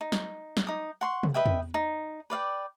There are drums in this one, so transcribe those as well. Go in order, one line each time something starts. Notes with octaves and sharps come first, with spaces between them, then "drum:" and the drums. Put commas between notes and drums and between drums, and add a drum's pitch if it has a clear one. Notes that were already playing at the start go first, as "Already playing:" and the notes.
D#4
drum: snare
drum: snare
D#4 D#6
F#5 C6 C#6
drum: tom
B4 D#5 E5 G5
drum: tom E2
D#4
B4 D5 F5 G5